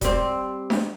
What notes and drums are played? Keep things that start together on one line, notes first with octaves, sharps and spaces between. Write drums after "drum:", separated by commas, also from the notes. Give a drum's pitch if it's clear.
G3 C4, drum: kick E1, hi-hat
drum: snare D4